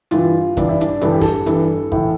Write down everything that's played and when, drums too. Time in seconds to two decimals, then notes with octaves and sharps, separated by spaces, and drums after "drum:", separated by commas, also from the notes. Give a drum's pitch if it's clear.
0.11 G2 E3 F4, drum: hi-hat
0.57 G2 E3 D4, drum: kick, hi-hat
0.69 E4
0.81 D4, drum: hi-hat
1.01 G2 E3 A4, drum: hi-hat
1.12 G4
1.21 A4, drum: kick, open hi-hat
1.46 G2 E3, drum: hi-hat
1.92 A2 E3, drum: kick